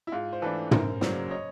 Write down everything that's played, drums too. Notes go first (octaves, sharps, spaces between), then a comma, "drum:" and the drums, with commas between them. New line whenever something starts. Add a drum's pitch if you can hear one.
E4
G#2 F4
C5
E3 A3 D4 A4 B4
F#2 A#4 C5, drum: tom
C#3 F#3 A#3 C#4 C5 D5, drum: snare
C#5 D#5